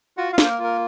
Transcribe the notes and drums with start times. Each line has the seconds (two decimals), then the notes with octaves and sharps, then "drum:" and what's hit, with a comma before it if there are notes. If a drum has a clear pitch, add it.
0.17 F4 F#4 F#5
0.33 F4 F5
0.38 A#3, drum: snare
0.44 C5
0.48 A#4
0.59 F4 A#4